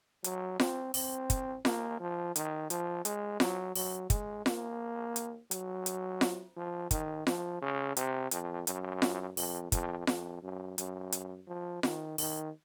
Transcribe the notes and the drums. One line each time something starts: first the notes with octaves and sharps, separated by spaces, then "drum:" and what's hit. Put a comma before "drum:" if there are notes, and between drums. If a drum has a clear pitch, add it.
F#3, drum: hi-hat
C4, drum: snare F4
C4, drum: open hi-hat
drum: kick, hi-hat
A#3, drum: snare F4
F3
D#3, drum: hi-hat
F3, drum: hi-hat
G#3, drum: hi-hat
F#3, drum: snare F4
F#3, drum: open hi-hat
G#3, drum: kick, hi-hat
A#3, drum: snare F4
drum: hi-hat
F#3, drum: hi-hat
drum: hi-hat
drum: snare F4
F3
D#3, drum: kick, hi-hat
F3, drum: snare F4
C#3
C3, drum: hi-hat
F2, drum: hi-hat
F#2, drum: hi-hat
drum: snare F4
F2, drum: open hi-hat
F2, drum: kick, hi-hat
F2, drum: snare F4
F#2
F#2, drum: hi-hat
drum: hi-hat
F3
D#3, drum: snare F4
D#3, drum: open hi-hat